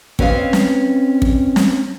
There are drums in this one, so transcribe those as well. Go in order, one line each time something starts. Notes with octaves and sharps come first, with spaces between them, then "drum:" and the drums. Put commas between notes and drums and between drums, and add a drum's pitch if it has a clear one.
C4 C#4 B4 D#5 F5, drum: kick
drum: snare
drum: kick
drum: snare